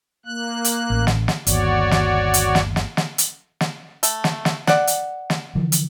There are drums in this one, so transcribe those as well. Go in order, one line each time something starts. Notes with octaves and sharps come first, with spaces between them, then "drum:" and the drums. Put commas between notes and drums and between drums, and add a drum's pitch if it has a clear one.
A#3 F#6
drum: hi-hat
A1
drum: snare
drum: snare
G1 D#2 F#4 C#5 D5, drum: hi-hat
drum: snare
drum: hi-hat
drum: snare
drum: snare
drum: snare
drum: hi-hat
drum: snare
A3, drum: hi-hat
drum: snare
drum: snare
D5 F#5, drum: snare
drum: hi-hat
drum: snare
D3 E3 F3
drum: hi-hat